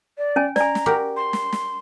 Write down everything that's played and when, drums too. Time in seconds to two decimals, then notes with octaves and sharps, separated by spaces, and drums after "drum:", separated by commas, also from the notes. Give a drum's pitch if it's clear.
0.18 D5
0.36 C#4 G#5
0.56 D5 G#5 A#5, drum: snare
0.75 drum: snare
0.86 F#4 G4 A#4
1.16 C6
1.33 drum: snare
1.52 drum: snare